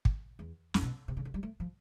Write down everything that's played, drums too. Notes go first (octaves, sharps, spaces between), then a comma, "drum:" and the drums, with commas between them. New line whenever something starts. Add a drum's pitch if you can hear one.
drum: kick
E2
F2, drum: snare
B2
C3
C#3
D3
G3
A3
F3